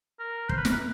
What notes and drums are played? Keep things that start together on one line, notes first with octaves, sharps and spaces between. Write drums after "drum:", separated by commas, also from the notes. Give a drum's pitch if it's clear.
A#4
C5, drum: kick
B4
A#4, drum: snare
B4